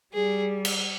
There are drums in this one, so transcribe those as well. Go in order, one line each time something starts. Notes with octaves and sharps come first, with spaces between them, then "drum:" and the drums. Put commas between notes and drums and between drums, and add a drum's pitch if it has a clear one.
G3 G#4
drum: cymbal